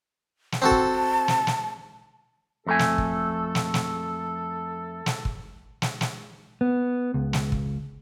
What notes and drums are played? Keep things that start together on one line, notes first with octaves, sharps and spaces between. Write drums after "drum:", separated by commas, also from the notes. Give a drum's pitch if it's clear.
drum: snare
C4 F#4 A4 A5
drum: kick
drum: snare
drum: snare
F2 A3 A4 G#5
drum: snare
drum: kick
drum: snare
drum: snare
drum: snare
drum: kick
drum: snare
drum: snare
B3
C#2
drum: snare
drum: kick